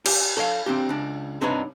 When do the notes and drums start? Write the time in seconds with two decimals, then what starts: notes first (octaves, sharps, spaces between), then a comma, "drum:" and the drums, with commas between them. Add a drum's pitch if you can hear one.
0.06 G4, drum: cymbal
0.37 A4 C#5 D#5 F5
0.66 C4 D4 G4
0.89 C#2 D4
1.41 G2 C3 D4 D#4 B4 C#5